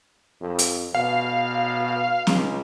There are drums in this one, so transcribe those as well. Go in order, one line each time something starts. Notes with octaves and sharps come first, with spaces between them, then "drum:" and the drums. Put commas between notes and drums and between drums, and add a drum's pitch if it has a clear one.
F2
drum: hi-hat
B2 F5
C#2, drum: snare C4